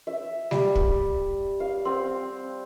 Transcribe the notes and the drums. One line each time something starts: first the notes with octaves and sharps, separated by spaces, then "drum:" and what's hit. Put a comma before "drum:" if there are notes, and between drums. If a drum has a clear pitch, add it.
E5
G3, drum: snare G3
drum: kick
F5
C4